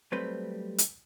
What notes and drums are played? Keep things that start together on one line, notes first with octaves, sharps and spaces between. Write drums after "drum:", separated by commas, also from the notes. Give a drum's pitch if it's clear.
F#3 G3 A3 C4 B4 C5
drum: hi-hat